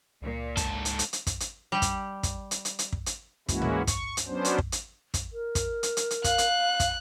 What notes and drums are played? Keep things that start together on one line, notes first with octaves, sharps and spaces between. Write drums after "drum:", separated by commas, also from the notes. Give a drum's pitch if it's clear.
C#2 A#2
G#2 A4, drum: kick, hi-hat
drum: hi-hat
drum: hi-hat
drum: hi-hat
drum: kick, hi-hat
drum: hi-hat
G3 G4
drum: kick, hi-hat
drum: kick, hi-hat
drum: hi-hat
drum: hi-hat
drum: hi-hat
drum: kick
drum: hi-hat
E3 G#3 A#3 C#4 E4 F#4, drum: kick, hi-hat
drum: tom
C#6, drum: kick, hi-hat
drum: hi-hat
F#3 B3 C#4 D4 C5
drum: hi-hat
drum: kick
drum: hi-hat
drum: kick, hi-hat
A#4
drum: kick, hi-hat
drum: hi-hat
drum: hi-hat
drum: hi-hat
F5 F#6, drum: kick, hi-hat
drum: hi-hat
drum: kick, hi-hat